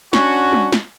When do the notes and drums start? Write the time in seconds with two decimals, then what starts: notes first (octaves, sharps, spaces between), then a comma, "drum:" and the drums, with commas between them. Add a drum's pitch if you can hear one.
0.13 C#4 D4 F#4, drum: snare
0.53 drum: tom G3
0.72 drum: snare